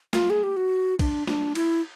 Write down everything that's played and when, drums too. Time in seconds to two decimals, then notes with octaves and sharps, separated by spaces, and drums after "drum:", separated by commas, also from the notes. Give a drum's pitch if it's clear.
0.13 F4, drum: snare
0.30 G#4
0.44 G4
0.57 F#4
0.99 D4, drum: kick, cymbal
1.27 D4, drum: snare
1.55 E4, drum: cymbal